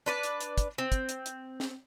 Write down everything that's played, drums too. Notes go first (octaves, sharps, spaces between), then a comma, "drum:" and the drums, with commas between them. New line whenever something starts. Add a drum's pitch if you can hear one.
D4 B4 D5
drum: hi-hat
drum: hi-hat
drum: kick, hi-hat
C4
drum: kick, hi-hat
drum: hi-hat
drum: hi-hat
drum: snare